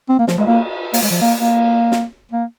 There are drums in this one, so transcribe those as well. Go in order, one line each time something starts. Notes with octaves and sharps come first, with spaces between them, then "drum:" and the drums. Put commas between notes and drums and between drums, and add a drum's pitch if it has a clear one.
C4
A#3
F3, drum: snare
G#3, drum: cymbal
A#3
A#3, drum: open hi-hat
G#3
F3
A#3
A#3
drum: snare
A#3